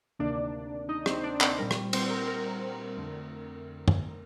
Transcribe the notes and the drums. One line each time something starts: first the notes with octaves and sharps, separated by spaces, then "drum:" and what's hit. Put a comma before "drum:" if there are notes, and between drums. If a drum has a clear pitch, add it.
D2 C3 D#3 A#3 D4 D5
D#4 D#5
C4 C5, drum: rim click
D4 D5
C4 C5, drum: clap
A#2 G3 C4 A#4
drum: rim click
C4 C5, drum: cymbal
A#4
A#4
F2 D3 A3 C4
drum: tom